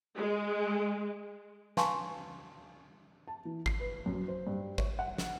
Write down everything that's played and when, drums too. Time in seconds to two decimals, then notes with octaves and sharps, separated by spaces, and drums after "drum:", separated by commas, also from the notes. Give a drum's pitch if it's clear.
0.17 G#3
1.77 B4 F5 G#5 A5 C6 C#6, drum: snare
3.28 A5
3.45 E3
3.66 C7, drum: kick G#1
3.80 B4
4.06 F#2
4.28 C5
4.47 G2
4.78 C#5, drum: kick G#1
4.99 F#5
5.18 drum: snare